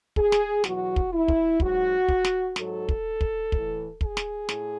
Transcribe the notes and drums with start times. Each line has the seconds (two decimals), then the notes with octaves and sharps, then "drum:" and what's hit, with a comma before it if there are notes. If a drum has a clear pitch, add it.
0.16 G#4, drum: kick
0.32 drum: snare
0.64 E2 B2 F#3 F#4, drum: snare
0.96 drum: kick
1.12 E4
1.28 drum: kick
1.60 G#2 F#3 F#4, drum: kick
2.08 drum: kick
2.24 drum: snare
2.56 G#2 F#3 A4, drum: snare
2.89 drum: kick
3.21 drum: kick
3.52 A2 E3, drum: kick
4.01 G#4, drum: kick
4.17 drum: snare
4.49 A2, drum: snare